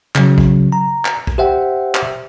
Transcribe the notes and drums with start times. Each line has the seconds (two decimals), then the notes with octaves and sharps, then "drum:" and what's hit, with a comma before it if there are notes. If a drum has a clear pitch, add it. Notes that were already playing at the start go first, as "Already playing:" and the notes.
0.15 C#3 F#3, drum: clap
0.38 drum: kick
0.72 A#5
1.05 drum: clap
1.27 drum: kick
1.38 G4 C5 E5 F#5 G5
1.95 drum: clap